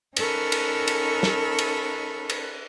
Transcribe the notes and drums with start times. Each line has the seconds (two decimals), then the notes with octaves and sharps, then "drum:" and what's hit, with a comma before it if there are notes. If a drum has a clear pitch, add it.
0.16 C#4 D#4 A4 A#4 B5 C#6, drum: cymbal
0.52 drum: cymbal
0.88 drum: cymbal
1.23 drum: snare
1.59 drum: cymbal
2.30 drum: cymbal